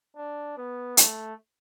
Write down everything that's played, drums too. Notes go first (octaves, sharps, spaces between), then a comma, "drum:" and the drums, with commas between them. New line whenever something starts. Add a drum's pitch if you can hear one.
D4
B3
A3, drum: hi-hat